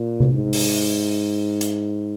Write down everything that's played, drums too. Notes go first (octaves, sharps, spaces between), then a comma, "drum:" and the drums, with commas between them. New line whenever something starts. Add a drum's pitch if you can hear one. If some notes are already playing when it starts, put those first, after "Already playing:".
Already playing: A#2
drum: tom C3
G#2
drum: open hi-hat
drum: hi-hat